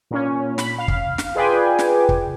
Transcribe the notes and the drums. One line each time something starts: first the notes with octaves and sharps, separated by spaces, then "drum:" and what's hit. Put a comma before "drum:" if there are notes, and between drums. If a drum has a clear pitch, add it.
A#2 C#4
B5, drum: snare
F5
drum: kick
drum: snare
F4 G#4 B4 D5 G5 G#5
drum: snare
drum: kick